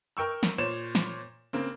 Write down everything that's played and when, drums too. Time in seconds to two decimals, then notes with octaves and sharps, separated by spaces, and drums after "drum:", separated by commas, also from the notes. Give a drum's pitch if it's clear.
0.17 A#4 G5 C#6 E6
0.43 drum: snare
0.58 A#2 C5 C#5 E7
0.95 drum: snare
1.53 C#3 A#3 C4